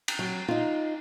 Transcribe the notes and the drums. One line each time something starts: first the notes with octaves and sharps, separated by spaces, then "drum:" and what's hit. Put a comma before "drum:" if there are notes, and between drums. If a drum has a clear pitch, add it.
drum: cymbal
F#3
D#4 F4